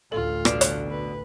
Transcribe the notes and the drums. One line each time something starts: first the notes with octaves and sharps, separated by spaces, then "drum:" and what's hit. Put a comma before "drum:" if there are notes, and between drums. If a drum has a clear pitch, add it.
A1 D2 F4 A4
B2 D3 D4, drum: rim click
drum: hi-hat
B4